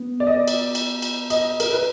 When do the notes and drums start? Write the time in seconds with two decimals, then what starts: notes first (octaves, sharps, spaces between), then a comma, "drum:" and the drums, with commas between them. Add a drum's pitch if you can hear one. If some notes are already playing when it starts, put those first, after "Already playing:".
Already playing: B3
0.20 D5
0.27 D#5
0.34 D5
0.48 drum: cymbal
0.75 drum: cymbal
1.02 drum: cymbal
1.30 D#5, drum: cymbal
1.60 A#4, drum: cymbal
1.73 B4